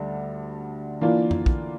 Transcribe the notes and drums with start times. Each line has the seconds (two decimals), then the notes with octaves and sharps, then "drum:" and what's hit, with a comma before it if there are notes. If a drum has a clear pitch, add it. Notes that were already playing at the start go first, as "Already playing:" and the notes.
Already playing: D2 D3 G3
1.01 E3 A#3 D4 F4
1.31 drum: tom F2
1.46 drum: kick